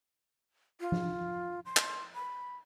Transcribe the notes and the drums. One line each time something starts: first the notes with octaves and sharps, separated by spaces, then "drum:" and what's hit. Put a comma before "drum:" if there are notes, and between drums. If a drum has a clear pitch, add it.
F4
drum: tom F3
C6
drum: clap
B5